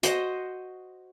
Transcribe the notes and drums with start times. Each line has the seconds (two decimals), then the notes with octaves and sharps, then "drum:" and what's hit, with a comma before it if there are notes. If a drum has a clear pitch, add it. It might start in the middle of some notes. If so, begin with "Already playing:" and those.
0.03 F#4 C5 D#5, drum: hi-hat